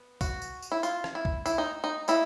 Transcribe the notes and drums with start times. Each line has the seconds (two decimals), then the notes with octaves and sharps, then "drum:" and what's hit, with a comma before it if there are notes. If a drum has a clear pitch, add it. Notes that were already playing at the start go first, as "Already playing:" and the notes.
Already playing: B3
0.21 F#4, drum: kick, tambourine
0.42 drum: tambourine
0.62 drum: tambourine
0.72 E4
0.83 F4, drum: tambourine
1.04 drum: rim click
1.15 E4
1.25 drum: kick
1.46 E4, drum: tambourine
1.58 D#4
1.84 D#4
2.08 G3 A#3 D#4 E4, drum: tambourine